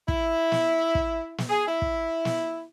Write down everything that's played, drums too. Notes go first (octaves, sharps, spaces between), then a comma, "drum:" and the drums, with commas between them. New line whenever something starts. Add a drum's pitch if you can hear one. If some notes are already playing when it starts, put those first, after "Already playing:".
E4, drum: kick
drum: snare
drum: kick
drum: snare
G#4
E4
drum: kick
drum: snare